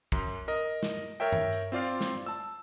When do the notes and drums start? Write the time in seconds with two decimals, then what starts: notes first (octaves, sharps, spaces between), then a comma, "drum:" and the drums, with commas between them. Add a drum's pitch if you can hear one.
0.12 F#2, drum: kick
0.48 A#4 D#5
0.83 drum: snare
1.20 A#4 C#5 E5 G5
1.32 drum: tom G2
1.53 drum: hi-hat
1.72 C4 F4 D5 F5
2.01 drum: snare
2.26 A5 E6